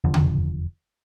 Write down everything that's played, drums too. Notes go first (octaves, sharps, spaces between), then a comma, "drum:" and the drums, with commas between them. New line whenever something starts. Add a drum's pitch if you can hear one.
F1 E2 D3 F3
drum: tom C#3